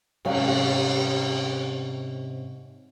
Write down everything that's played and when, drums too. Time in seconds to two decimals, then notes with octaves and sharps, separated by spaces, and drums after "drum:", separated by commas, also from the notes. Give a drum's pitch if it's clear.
0.25 G#2 C3 G3 C#4 F5, drum: cymbal